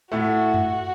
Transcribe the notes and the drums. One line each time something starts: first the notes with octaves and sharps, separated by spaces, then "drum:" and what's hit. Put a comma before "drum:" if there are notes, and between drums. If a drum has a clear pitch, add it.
A2 A3 F#4
drum: tom F#2